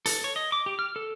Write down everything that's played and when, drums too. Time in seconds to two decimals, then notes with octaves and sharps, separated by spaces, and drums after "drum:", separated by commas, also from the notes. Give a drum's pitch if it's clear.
0.06 A4, drum: hi-hat
0.24 C#5
0.36 D#5
0.52 D6
0.66 G4
0.79 F6
0.96 A4